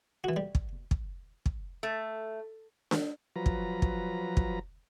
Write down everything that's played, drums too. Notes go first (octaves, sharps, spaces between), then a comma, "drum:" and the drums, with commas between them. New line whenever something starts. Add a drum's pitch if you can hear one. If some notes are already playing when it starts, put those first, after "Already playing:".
E3 F#4
G3
drum: kick
drum: kick
drum: kick
A3
drum: snare D4
F3 F#3 B4 A#5
drum: kick
drum: kick
drum: kick